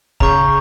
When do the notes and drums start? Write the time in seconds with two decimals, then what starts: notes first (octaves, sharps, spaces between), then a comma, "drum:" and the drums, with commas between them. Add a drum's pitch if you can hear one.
0.20 C#3 A#5 C#6 G6, drum: kick